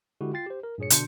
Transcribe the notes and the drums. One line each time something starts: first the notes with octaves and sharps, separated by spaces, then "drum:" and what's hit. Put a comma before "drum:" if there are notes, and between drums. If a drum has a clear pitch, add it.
D3 G#3 E4 F#4 G4
F4 G5 A6 C7
G4 C5
A#4
G2 A#2 G#4 C#5 C#7
B2 D3 D4 C6 G6 C#7, drum: hi-hat